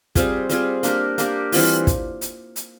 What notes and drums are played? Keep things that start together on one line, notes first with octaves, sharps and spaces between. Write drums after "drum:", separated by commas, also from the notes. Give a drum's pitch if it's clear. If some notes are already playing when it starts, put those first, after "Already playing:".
G3 C4 F4 G#4, drum: kick, hi-hat
G3 C4 F4 G#4, drum: hi-hat
A#3 D4 G4 A#4, drum: hi-hat
A#3 D4 G4 A#4, drum: hi-hat
E3 G3 C4 F4, drum: open hi-hat
drum: kick, hi-hat
drum: hi-hat
drum: hi-hat